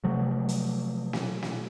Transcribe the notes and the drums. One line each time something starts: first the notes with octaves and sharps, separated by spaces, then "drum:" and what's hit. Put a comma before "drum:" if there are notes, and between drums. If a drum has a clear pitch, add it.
C3 F3 F#3 A3
drum: hi-hat
drum: snare
drum: snare